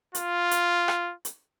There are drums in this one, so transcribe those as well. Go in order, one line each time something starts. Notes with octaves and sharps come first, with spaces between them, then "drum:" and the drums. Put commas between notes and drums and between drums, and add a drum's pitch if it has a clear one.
F4, drum: hi-hat
drum: hi-hat
drum: rim click
drum: hi-hat